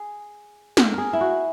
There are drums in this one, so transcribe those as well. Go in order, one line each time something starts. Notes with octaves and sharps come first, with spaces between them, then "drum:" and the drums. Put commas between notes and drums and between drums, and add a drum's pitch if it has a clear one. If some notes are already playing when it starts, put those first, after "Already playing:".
Already playing: G#4
drum: snare
G#4 A#4
E4
F#4